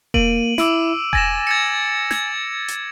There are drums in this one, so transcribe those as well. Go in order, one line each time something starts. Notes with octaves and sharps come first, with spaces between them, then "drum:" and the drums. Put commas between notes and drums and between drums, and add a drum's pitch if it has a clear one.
A#3 D7 D#7 F#7, drum: kick E1
E4 D6 E6 D7, drum: snare
G#5 A6 A#6 E7, drum: kick E1
G#6 A6 C#7
G#6, drum: snare
drum: hi-hat